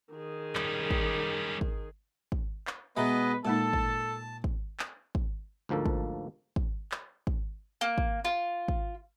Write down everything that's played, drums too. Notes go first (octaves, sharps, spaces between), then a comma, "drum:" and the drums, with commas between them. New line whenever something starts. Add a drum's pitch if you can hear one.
D#3 G#4
G3 C#4, drum: clap
drum: kick
drum: kick
drum: kick
drum: clap
B2 G#3 B3 B4 D#5 E5 A#5
A#2 G#3 A#3 D#4 A4 A5
drum: kick
drum: kick
drum: clap
drum: kick
D2 G#2 F3 A#3 A4
drum: kick
drum: kick
drum: clap
drum: kick
A#3
drum: kick
F4
drum: kick